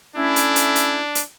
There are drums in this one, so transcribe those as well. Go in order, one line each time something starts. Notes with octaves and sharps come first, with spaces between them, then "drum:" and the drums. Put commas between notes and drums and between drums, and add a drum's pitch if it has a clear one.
A3 C#4 D4 E4
drum: hi-hat
drum: hi-hat
drum: hi-hat
drum: hi-hat